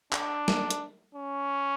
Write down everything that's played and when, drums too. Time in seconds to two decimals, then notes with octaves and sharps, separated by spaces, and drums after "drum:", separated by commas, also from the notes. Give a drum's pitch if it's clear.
0.13 D4, drum: clap
0.48 drum: snare
0.70 drum: hi-hat
1.15 C#4